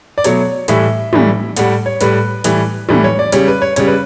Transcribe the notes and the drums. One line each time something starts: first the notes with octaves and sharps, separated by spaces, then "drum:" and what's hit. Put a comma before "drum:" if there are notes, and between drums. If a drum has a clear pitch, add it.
D5
B2 F#3 A3 C#5, drum: hi-hat
A2 E3 G3 E5, drum: hi-hat
A2 E3 G3, drum: tom
A2 G3 F#5, drum: hi-hat
C#5
A2 G3 B4, drum: hi-hat
A2 E3 G3, drum: hi-hat
A2 E3 G3, drum: tom
C#5
D5
C#3 G3 C#5, drum: hi-hat
B4
C#5
C#3 G3 C#5, drum: hi-hat
B4